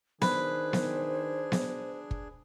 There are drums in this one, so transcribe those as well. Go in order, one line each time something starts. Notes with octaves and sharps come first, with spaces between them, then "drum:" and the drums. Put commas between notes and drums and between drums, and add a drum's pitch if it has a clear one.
D#3 D4 G#4 B4 C5 G#5, drum: snare B3
drum: snare B3
drum: snare B3
drum: kick